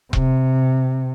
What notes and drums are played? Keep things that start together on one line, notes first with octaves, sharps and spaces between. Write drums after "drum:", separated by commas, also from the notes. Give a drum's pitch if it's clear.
C3, drum: kick E1